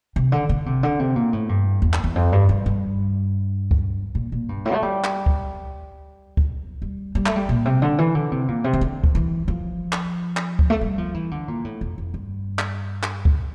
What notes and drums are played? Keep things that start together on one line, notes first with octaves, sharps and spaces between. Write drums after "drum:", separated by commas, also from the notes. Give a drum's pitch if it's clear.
C3
D3
D3
C3
D3
C3
A#2
A2
G2
E2
drum: clap
E2
F2
G2
G2
G2
drum: kick C#2
A#2
A#2
G2
A2
A3
G3
drum: clap
drum: kick C#2
drum: kick C#2
G3
G3
A3, drum: clap
G3
A#2
C3
D3
E3
D3
C3
A#2
C3
E3
D3
drum: kick C#2
E3
F3
drum: clap
drum: clap
drum: kick C#2
A3
G3
F3
E3
D3
A#2
A2
F2
F2
G2
drum: clap
drum: clap
drum: kick C#2